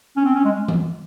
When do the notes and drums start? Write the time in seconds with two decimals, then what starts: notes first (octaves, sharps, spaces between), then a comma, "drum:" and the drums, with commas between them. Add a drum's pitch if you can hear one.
0.17 C#4
0.25 C4
0.35 C#4
0.45 G#3
0.68 drum: tom E3